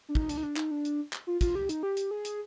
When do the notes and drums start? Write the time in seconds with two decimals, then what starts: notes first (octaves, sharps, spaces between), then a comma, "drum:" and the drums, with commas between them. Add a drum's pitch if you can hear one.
0.09 D4
0.15 D#4, drum: kick
0.29 D4, drum: hi-hat
0.37 D#4
0.43 D4
0.56 D#4, drum: clap
0.71 D4
0.85 drum: hi-hat
1.13 drum: clap
1.27 F4
1.41 F4, drum: kick, hi-hat
1.55 G4
1.69 D#4, drum: hi-hat
1.83 G4
1.97 drum: hi-hat
2.11 G#4
2.25 drum: hi-hat